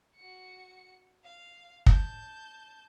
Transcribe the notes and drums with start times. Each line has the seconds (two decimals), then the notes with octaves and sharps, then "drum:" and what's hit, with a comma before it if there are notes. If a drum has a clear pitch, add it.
0.16 F#4 C#7
1.24 F5
1.86 A5 G6, drum: kick